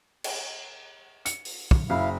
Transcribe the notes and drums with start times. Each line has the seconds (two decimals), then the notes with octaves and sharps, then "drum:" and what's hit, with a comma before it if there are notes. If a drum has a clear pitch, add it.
0.24 drum: cymbal
1.25 C#7, drum: hi-hat
1.45 drum: open hi-hat
1.71 drum: kick
1.90 F#1 E4 F5